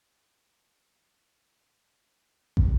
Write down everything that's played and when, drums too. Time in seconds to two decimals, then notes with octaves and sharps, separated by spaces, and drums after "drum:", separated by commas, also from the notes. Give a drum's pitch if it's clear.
0.01 F#7
0.50 C3
0.95 D1 A#3
2.57 drum: kick